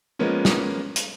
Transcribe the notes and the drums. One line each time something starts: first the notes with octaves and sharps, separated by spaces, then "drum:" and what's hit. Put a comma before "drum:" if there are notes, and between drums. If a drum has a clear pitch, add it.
F3 G#3 A#3 B3 C#4
drum: snare
drum: hi-hat